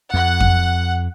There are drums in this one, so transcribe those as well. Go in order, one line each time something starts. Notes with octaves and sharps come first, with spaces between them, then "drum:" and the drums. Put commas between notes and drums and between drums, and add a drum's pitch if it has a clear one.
F2 F#5
drum: kick F2